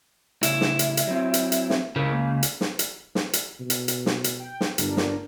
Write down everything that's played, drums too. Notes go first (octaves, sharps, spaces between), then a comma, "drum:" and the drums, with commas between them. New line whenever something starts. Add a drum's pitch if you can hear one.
A2 C#3 E4, drum: hi-hat
drum: snare
drum: hi-hat
drum: hi-hat
F#3 C4
drum: hi-hat
drum: hi-hat
drum: snare
C#2 C#3 E4 G#4 A#4
A#3
drum: hi-hat
drum: snare
drum: hi-hat
drum: snare
drum: hi-hat
B2
drum: hi-hat
drum: hi-hat
drum: snare
drum: hi-hat
G5
drum: snare
G1 D4 A#4, drum: hi-hat
drum: snare